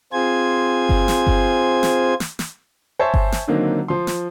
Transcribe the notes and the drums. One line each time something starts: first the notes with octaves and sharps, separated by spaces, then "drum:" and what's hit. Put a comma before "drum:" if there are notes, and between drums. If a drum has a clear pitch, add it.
C4 F4 G#4 C5 G#5 G#6
drum: kick G1
drum: snare
drum: kick G1
drum: snare
drum: snare
drum: snare
C5 C#5 E5 G#5 A5 C6
drum: kick G1
drum: snare
D3 D#3 F#3 A#3 C4 D#4
F3 C6
drum: snare